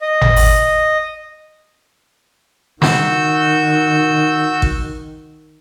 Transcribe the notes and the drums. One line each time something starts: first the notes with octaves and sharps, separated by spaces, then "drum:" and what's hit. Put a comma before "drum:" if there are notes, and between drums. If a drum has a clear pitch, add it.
D#5
drum: tom G#1
drum: open hi-hat
D#3 F#4 E6 G6, drum: snare
drum: kick A1